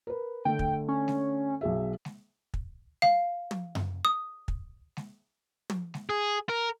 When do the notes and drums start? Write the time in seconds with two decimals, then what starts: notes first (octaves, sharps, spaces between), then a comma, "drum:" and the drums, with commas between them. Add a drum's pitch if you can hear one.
0.07 A#4 B4
0.45 D3 A3 G5
0.59 drum: kick
0.88 C#4
1.08 drum: snare G#3
1.61 B1 G#4 E5
2.05 drum: snare G#3
2.54 drum: kick
3.02 F5, drum: snare G#3
3.51 drum: tom
3.75 drum: tom F#2
4.05 D#6
4.48 drum: kick
4.97 drum: snare G#3
5.70 drum: tom
5.94 drum: snare G#3
6.09 G#4
6.49 A#4